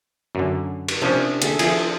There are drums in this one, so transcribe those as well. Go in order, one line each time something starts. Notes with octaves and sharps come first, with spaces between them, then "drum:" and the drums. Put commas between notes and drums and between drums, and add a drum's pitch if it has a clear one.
F#2 D3
drum: cymbal
C3 F3 C#4 D4
G#4 A4 E5, drum: hi-hat
F3 G#4 A4, drum: cymbal